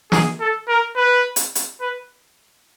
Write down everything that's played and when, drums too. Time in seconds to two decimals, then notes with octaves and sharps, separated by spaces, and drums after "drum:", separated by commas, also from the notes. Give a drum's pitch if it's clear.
0.12 G#4, drum: snare
0.40 A4
0.68 A#4
0.96 B4
1.36 drum: hi-hat
1.55 drum: hi-hat
1.81 B4